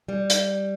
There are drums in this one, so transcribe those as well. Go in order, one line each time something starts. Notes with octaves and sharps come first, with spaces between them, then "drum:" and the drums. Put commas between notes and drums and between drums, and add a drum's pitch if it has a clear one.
G3
drum: hi-hat